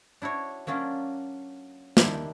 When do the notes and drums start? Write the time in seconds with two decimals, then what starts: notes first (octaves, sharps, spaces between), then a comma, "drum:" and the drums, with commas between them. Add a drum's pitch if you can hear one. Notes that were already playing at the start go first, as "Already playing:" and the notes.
0.22 D4 E4 F#4 C#5
0.67 F#3 A#3 C#4 D4 F4
1.97 D#3 D4 E4 G4, drum: snare